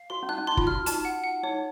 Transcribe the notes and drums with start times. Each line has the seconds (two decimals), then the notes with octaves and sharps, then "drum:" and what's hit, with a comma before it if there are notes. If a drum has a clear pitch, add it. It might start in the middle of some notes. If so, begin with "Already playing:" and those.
Already playing: F5
0.10 F#4 C6
0.23 C#4
0.29 D#4 F#6
0.38 C#4
0.47 D#4 C6
0.57 F4, drum: kick
0.67 F#4 F6
0.86 D#4 A5, drum: hi-hat
1.05 F#5
1.24 F#5
1.43 D#4 C#5